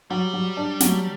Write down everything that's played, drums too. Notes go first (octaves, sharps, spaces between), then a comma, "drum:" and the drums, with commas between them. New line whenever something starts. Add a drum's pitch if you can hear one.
F#3 G3
F#3
D4
F#3, drum: snare